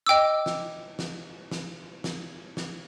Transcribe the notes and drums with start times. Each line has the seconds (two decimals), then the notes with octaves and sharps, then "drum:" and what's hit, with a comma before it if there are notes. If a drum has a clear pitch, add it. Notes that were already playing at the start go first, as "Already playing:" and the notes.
0.07 D#5 G5 D6 E6
0.46 drum: snare
0.99 drum: snare
1.51 drum: snare
2.04 drum: snare
2.57 drum: snare